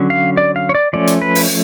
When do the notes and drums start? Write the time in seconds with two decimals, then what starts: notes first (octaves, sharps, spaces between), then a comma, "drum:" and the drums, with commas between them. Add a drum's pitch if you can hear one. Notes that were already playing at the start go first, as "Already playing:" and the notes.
Already playing: D3 F#3 C#4
0.10 F5
0.37 D5
0.56 F5
0.69 C#5
0.75 D5
0.93 F3 A3 C#4 D5
1.07 drum: hi-hat
1.22 B4
1.35 drum: open hi-hat